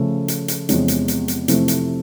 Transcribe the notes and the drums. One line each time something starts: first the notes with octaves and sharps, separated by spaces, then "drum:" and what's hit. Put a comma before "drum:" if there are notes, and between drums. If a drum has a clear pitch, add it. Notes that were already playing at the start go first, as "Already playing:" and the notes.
Already playing: C#3 F3 A3
drum: hi-hat
drum: hi-hat
E2 C3 F3 G#3 C#4, drum: hi-hat
drum: hi-hat
drum: hi-hat
drum: hi-hat
F2 C3 E3 A3, drum: hi-hat
drum: hi-hat